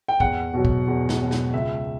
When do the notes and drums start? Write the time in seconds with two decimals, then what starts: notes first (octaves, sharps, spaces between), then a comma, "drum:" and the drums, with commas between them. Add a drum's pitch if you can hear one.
0.08 G5
0.20 E2 F#5, drum: kick
0.54 B2 F#3
0.65 drum: kick
0.87 E2
1.09 drum: snare
1.20 B2 F#3
1.31 drum: snare
1.53 C#2 E5